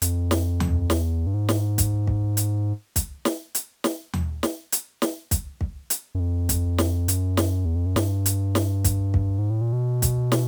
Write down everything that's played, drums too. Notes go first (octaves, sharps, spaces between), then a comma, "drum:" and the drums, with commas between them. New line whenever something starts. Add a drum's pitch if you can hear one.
F2, drum: hi-hat
drum: snare
drum: tom D#2
E2, drum: snare
G2
G#2
drum: snare
drum: kick, hi-hat
drum: kick
drum: hi-hat
drum: kick, hi-hat
drum: snare
drum: hi-hat
drum: snare
drum: tom D#2
drum: snare
drum: hi-hat
drum: snare
drum: kick, hi-hat
drum: kick
drum: hi-hat
F#2
F2
drum: kick, hi-hat
drum: snare
F#2, drum: hi-hat
drum: snare
E2
F2
F#2
G2, drum: snare
drum: hi-hat
drum: snare
drum: kick, hi-hat
drum: kick
G#2
A2
A#2
B2
drum: kick, hi-hat
drum: snare